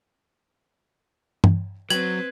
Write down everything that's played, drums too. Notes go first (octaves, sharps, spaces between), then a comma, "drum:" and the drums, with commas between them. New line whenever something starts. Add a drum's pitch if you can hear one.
drum: tom
F#3 C4 B4 G#6 F#7, drum: hi-hat